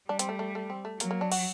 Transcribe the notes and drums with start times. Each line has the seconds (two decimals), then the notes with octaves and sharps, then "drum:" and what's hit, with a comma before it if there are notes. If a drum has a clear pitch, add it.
0.09 G3 D4
0.19 C4, drum: hi-hat
0.29 A3
0.39 A3
0.55 A3
0.70 C4
0.85 A3
1.00 F#3 A#3, drum: hi-hat
1.11 A#3
1.21 D4
1.32 F#4, drum: cymbal